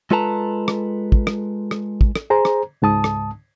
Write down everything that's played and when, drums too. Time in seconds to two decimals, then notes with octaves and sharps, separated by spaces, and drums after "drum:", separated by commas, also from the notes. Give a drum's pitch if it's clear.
0.11 G#3 F4 A4 B4 A5 A#5
0.68 drum: rim click
1.12 drum: kick
1.27 drum: rim click
1.71 drum: rim click
2.01 drum: kick
2.16 drum: rim click
2.30 G#4 C5 A#5
2.45 drum: rim click
2.82 C#2 G#2 A5 D#6
3.04 drum: rim click